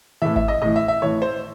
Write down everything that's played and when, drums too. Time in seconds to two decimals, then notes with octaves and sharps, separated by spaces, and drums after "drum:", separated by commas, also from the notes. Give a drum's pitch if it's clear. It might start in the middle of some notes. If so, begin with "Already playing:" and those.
0.22 A2 E3 E5
0.36 E5, drum: kick G#1
0.48 D#5
0.62 A2 E3 D#5
0.76 E5
0.88 E5
1.02 A2 E3 C#5
1.22 C5